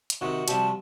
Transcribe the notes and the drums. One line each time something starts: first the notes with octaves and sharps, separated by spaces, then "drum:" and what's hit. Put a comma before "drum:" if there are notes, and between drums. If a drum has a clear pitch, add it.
drum: hi-hat
C3 D#3 F#4
C3 F3 G3 A5, drum: hi-hat